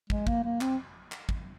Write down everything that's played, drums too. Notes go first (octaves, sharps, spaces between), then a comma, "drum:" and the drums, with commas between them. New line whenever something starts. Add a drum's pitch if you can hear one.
G#3, drum: kick
A#3, drum: kick
A#3
C4, drum: clap
drum: clap
drum: kick